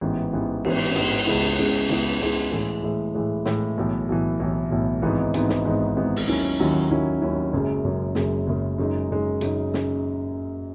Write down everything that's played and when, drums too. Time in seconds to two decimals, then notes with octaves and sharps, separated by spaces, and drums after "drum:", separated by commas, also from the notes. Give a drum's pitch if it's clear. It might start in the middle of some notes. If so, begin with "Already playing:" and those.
0.01 A1 G#2 E3 B3
0.33 A1 G#2 E3 B3
0.65 A1 G#2 E3 B3, drum: cymbal
0.96 A1 G#2 E3 B3, drum: hi-hat
1.27 C#2 C#3 G#3 B3 E4
1.58 C#2 C#3 G#3 B3 E4
1.89 C#2 C#3 G#3 B3 E4, drum: cymbal
2.21 C#2 C#3 G#3 B3 E4
2.52 A2 E3 G#3
2.83 A2 E3 G#3
3.15 A2 E3 G#3
3.45 A2 E3 G#3, drum: snare
3.77 B1 A2 E3
4.09 B1 A2 E3
4.39 B1 A2 E3
4.71 B1 A2 E3
5.02 G#1 G#2 E3 B3 D#4
5.34 G#1 G#2 E3 B3 D#4, drum: hi-hat
5.49 drum: snare
5.65 G#1 G#2 E3 B3 D#4
5.96 G#1 G#2 E3 B3 D#4
6.16 drum: open hi-hat
6.28 D#2 D#3 F#3 C#4 E4
6.59 D#2 D#3 F#3 C#4 E4
6.91 D#2 D#3 F#3 C#4 E4
7.22 D#2 D#3 F#3 C#4 E4
7.53 F#1 F#2 C#3 G#3
7.84 F#1 F#2 C#3 G#3
8.15 F#1 F#2 C#3 G#3, drum: snare
8.47 F#1 F#2 C#3 G#3
8.78 F#2 C#3 G#3 D#4
9.10 F#2 C#3 G#3 D#4
9.41 F#2 C#3 G#3 D#4, drum: hi-hat
9.74 C#3, drum: snare